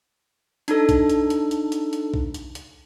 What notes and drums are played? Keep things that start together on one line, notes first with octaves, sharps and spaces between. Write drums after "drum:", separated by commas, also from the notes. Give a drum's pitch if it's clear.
D4 D#4 A4, drum: hi-hat
drum: kick A#1, hi-hat
drum: hi-hat
drum: hi-hat
drum: hi-hat
drum: hi-hat
drum: hi-hat
drum: kick A#1
drum: hi-hat
drum: hi-hat